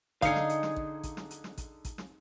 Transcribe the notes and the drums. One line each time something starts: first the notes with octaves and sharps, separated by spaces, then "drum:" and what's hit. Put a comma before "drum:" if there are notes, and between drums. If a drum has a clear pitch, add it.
D3 D#4 G#4 F5 C#7, drum: kick, hi-hat
drum: snare
drum: hi-hat
drum: snare
drum: kick
drum: kick, hi-hat
drum: snare
drum: hi-hat
drum: snare
drum: kick, hi-hat
drum: kick, hi-hat
drum: snare